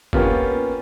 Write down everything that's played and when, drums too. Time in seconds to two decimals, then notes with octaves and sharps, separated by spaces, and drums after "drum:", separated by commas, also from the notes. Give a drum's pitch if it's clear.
0.13 A#3 B3 C#4 F4 G4 A#4, drum: kick